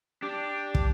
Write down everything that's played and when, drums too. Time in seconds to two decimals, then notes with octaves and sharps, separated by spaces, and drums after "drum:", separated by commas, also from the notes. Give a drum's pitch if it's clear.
0.22 D4 G4
0.75 drum: kick